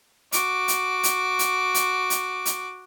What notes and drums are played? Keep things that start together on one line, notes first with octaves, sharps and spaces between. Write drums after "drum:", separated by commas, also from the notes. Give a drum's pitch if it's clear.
F#4 D6, drum: hi-hat
drum: hi-hat
drum: hi-hat
drum: hi-hat
drum: hi-hat
drum: hi-hat
drum: hi-hat